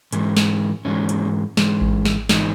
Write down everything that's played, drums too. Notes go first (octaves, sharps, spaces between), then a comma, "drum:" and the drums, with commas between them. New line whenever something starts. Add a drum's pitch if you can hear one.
G#2 E3 G#3, drum: hi-hat
drum: snare
G#2 E3 G#3 C#4
drum: hi-hat
G#2 E3 G#3, drum: snare
drum: kick A1
drum: snare
G#2 E3 G#3 D#4, drum: snare